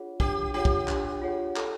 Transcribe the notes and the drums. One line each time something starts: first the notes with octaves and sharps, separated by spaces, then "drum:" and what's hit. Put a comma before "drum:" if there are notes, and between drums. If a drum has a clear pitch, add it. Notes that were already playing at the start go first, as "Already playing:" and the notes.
Already playing: D4 F4 G#4 C#5 F#5
D4 G4, drum: kick
F4 G4 G#4 C#5 F#5
drum: kick
D4, drum: clap
F4 G#4 C#5 F#5
A4, drum: clap